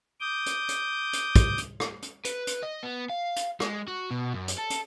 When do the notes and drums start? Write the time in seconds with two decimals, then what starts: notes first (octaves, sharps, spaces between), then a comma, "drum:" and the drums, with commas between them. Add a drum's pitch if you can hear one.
0.20 D6 D#6 G6
0.46 drum: hi-hat
0.69 drum: hi-hat
1.13 drum: hi-hat
1.36 drum: kick, hi-hat
1.58 drum: hi-hat
1.80 drum: rim click
2.02 drum: hi-hat
2.25 B4, drum: hi-hat
2.47 drum: hi-hat
2.63 D#5
2.83 B3
3.10 F5
3.36 drum: hi-hat
3.60 G#3, drum: rim click
3.88 F#4
4.11 B2
4.34 F#2
4.48 drum: hi-hat
4.58 A4
4.70 drum: hi-hat